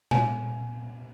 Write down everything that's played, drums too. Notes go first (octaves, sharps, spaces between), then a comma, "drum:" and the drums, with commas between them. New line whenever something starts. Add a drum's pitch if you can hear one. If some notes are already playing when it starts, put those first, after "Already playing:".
G#5, drum: tom A#2